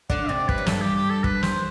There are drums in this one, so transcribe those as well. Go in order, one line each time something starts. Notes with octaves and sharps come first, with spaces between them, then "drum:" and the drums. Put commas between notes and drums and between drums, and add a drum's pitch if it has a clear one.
D3 D4 F#5, drum: kick
C3 C4 D5
B4, drum: kick
F#3
G2 G3 A4, drum: snare
G4
G4
A4
B4, drum: kick
C5, drum: snare